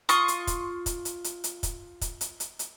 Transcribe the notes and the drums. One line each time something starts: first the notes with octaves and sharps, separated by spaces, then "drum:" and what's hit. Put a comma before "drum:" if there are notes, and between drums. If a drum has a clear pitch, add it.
F4 C6 C#6 D#6, drum: hi-hat
drum: hi-hat
drum: kick, hi-hat
drum: kick, hi-hat
drum: hi-hat
drum: hi-hat
drum: hi-hat
drum: kick, hi-hat
drum: kick, hi-hat
drum: hi-hat
drum: hi-hat
drum: hi-hat